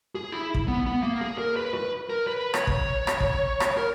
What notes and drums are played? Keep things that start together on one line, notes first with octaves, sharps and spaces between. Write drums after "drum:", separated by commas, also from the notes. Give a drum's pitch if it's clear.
G#4
E4
drum: kick
B3
B3
A#3
G#4
A#4
B4
B4
A#4
B4
C#5, drum: rim click
drum: kick
drum: rim click
drum: kick
drum: rim click
A#4